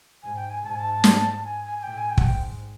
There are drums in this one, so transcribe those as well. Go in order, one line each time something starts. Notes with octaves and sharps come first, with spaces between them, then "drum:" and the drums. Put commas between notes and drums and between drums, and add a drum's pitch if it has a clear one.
G#2 G#5
G5
G#5
G#2 A5
G#5
A5
drum: snare
G#5
G#5
G#5
A2 G5
G#5
G5
F#5, drum: kick
G#2 G5